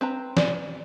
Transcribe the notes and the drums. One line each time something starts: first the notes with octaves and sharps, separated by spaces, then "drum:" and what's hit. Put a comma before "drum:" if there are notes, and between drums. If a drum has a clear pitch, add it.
C4 B4 A#5
D5, drum: snare